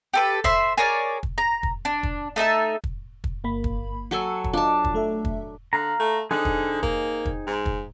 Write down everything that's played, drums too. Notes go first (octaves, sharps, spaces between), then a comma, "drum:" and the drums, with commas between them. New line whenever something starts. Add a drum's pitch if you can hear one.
G4 A4 B4
C5 E5 B5, drum: kick
G#4 A#4 C#5 D5
drum: kick
A#5
drum: kick
D4
drum: kick
A3 D#4 E5 A5
drum: kick
drum: kick
G1 A#3 B5
drum: kick
F#3 A4 G#5 E6 C#7
drum: kick
D4 F4 D#5 A5
drum: kick
A3 A4 E5
drum: kick
D3 F5 A#5
A3
D3 C4 D#4 G#4
drum: kick
A#3, drum: kick
drum: kick
G#2
drum: kick